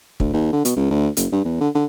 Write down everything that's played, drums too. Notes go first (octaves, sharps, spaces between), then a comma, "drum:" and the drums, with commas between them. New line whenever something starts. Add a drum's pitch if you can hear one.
D2, drum: kick
D#2
D3
B2, drum: hi-hat
C#2
D2
F#1, drum: hi-hat
G2
E2
D3
D3